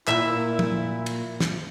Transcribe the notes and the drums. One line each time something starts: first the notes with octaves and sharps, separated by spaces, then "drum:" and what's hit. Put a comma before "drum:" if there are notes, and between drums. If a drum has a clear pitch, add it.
A#2 E4 E5, drum: clap
drum: tom F3
drum: cymbal
drum: snare